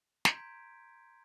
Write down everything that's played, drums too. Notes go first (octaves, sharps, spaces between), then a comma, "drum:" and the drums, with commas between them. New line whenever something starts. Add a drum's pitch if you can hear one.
A#5 C6 G6 G#6 B6 D7, drum: snare